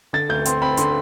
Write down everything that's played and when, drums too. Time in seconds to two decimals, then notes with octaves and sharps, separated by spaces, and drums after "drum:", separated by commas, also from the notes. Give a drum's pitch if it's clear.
0.13 D3 A6
0.29 D2 G6
0.45 C4 C6, drum: hi-hat
0.62 C4 B5
0.77 D3 C6, drum: hi-hat